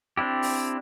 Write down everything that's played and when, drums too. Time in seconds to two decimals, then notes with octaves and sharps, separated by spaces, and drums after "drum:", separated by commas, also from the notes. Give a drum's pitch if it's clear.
0.17 C4 D4 E4 G4
0.42 drum: open hi-hat